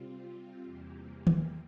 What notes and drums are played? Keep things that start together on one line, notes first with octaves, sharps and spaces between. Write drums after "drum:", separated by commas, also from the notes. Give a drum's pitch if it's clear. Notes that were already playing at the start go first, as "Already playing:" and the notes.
Already playing: C3 G3 C4 F4
E2 C3 E3 G3 A#3
drum: tom